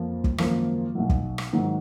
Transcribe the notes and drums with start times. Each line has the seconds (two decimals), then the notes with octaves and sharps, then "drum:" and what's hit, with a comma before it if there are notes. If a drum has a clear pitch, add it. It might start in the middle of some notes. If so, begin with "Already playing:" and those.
Already playing: F2 F3 A#3
0.24 drum: kick
0.38 G#1 F#2 F3 A#3, drum: rim click
0.95 B1 B2 F#3
1.10 drum: kick
1.38 drum: rim click
1.53 G#2 D#3 F#3